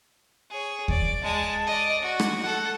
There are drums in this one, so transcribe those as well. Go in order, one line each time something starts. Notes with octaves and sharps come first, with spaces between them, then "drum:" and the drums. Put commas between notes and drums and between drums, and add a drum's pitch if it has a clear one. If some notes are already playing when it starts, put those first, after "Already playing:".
G#4 C#5
D5, drum: kick D#2
G#3 A5
D5 D#5
F#4
drum: rim click
A4 F#5